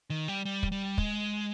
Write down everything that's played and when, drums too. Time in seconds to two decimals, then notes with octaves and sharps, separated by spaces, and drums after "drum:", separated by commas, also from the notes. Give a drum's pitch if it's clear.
0.10 D#3
0.28 G3
0.45 G3
0.63 drum: kick
0.72 G3
0.98 G#3, drum: kick